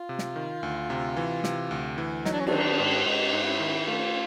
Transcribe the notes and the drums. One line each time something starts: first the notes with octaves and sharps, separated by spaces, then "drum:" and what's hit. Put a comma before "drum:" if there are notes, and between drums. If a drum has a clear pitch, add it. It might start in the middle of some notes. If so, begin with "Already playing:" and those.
Already playing: F4
C3
drum: snare
D#3
D2
C3
E3
C3, drum: snare
D2
E3
F#3 D#4, drum: snare
D4
C#4
D4, drum: cymbal
D#3
G#2
G#2 D#4
G#2
F4
E4
D#3
A3 F4